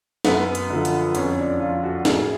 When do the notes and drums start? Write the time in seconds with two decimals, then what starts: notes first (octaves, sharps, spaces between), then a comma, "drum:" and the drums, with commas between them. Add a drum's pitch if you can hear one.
0.25 F#2 B3, drum: snare
0.55 drum: hi-hat
0.70 D3 F3
0.85 drum: hi-hat
1.15 F2 C#4, drum: hi-hat
1.38 D4
1.60 F3 F4
1.83 F#4
2.05 A2 G#4, drum: snare